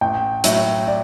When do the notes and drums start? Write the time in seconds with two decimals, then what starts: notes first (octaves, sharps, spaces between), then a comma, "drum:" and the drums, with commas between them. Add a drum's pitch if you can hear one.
0.01 A1 G5
0.44 A2 F#3 E5, drum: hi-hat
0.87 D5